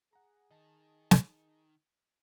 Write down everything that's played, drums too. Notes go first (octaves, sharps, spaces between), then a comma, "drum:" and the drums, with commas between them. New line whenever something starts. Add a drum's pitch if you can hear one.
G#4 F#5 A#5
D#3 D#5 A5
drum: snare